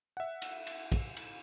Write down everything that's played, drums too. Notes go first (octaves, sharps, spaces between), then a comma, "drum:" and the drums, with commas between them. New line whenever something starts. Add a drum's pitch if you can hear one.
E5 F#5
drum: cymbal
drum: cymbal
drum: kick, cymbal
drum: cymbal